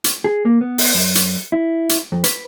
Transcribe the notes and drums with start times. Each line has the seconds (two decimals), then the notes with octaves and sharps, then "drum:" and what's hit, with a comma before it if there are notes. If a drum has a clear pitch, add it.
0.04 drum: hi-hat
0.24 G#4
0.45 A#3
0.61 B3
0.78 drum: open hi-hat
0.95 F#2
1.15 drum: hi-hat
1.52 E4
1.89 drum: hi-hat
2.12 F2
2.24 B4, drum: hi-hat